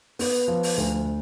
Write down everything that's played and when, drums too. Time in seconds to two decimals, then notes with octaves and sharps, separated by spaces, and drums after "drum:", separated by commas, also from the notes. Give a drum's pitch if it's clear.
0.19 B3, drum: open hi-hat
0.48 F3
0.63 drum: open hi-hat
0.77 D2